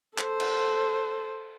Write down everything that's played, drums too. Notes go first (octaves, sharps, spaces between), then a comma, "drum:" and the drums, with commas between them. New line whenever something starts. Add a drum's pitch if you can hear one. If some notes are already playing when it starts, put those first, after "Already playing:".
A4 C5, drum: clap
drum: cymbal